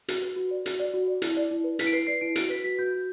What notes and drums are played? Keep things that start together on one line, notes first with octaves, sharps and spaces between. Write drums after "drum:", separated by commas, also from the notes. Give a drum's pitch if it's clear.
F#4, drum: hi-hat
B4
F#4
D5
F#4, drum: hi-hat
D5
F#4
D5
E4, drum: hi-hat
D5
E4
B4
E4 B6, drum: hi-hat
D7
B4 C7
D5 C7
E4 D7
F#4 D7, drum: hi-hat
B4 B6
F#4 B6
F#4 G6
F#4